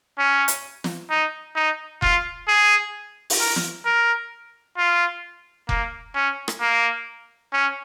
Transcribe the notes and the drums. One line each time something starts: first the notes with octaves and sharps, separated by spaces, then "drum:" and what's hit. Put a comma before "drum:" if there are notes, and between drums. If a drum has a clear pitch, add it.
C#4
drum: hi-hat
drum: snare
D#4
D#4
F4, drum: kick F1
G#4
drum: open hi-hat
A#4
drum: snare
A#4
F4
A#3, drum: kick F1
C#4
drum: rim click
A#3
C#4